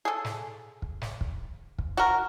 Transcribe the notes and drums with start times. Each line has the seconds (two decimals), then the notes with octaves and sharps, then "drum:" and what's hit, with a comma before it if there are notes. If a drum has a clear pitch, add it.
0.05 G#4 A4
0.25 drum: snare
0.82 drum: kick
1.02 drum: snare
1.21 drum: kick
1.79 drum: kick
1.97 F#4 A#4